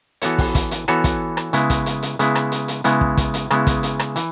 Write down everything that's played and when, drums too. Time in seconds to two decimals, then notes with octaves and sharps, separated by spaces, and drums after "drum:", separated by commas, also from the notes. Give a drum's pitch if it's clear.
0.22 E3 B3 F#4 A4 C#5, drum: hi-hat
0.38 drum: kick, open hi-hat
0.55 drum: kick, hi-hat
0.71 drum: hi-hat
0.88 E3 B3 F#4 A4 C#5, drum: rim click
1.04 drum: kick, hi-hat
1.37 drum: rim click
1.53 C#3 G#3 B3 E4, drum: hi-hat
1.70 drum: kick, hi-hat
1.86 drum: hi-hat
2.03 drum: hi-hat
2.19 C#3 G#3 B3 E4, drum: hi-hat
2.35 drum: rim click
2.52 drum: hi-hat
2.68 drum: hi-hat
2.84 C#3 G#3 B3 E4, drum: hi-hat
3.01 drum: kick
3.17 drum: kick, hi-hat
3.34 drum: hi-hat
3.51 C#3 G#3 B3 E4, drum: rim click
3.67 drum: kick, hi-hat
3.83 drum: hi-hat
3.99 drum: rim click
4.16 E3, drum: hi-hat